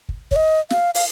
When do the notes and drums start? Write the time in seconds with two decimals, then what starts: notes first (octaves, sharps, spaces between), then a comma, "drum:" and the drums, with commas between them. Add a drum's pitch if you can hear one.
0.09 drum: kick
0.31 C#5, drum: kick
0.36 D#5
0.70 F5, drum: snare
0.95 F5, drum: open hi-hat